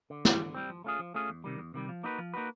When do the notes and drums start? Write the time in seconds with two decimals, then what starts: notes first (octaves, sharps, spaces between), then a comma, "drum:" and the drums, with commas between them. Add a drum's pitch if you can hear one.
0.10 D3
0.25 G3 C4, drum: snare
0.39 D3
0.55 G3 C4
0.69 F3
0.84 A3 C#4 F4 G#4
0.99 F3
1.14 A3 C#4 F4 G#4
1.29 E2
1.44 C3 D#3 G3
1.58 E2
1.74 C3 D#3 G3
1.89 F3
2.03 A#3 D#4 F#4 B4
2.19 F3
2.34 A#3 D#4 F#4 B4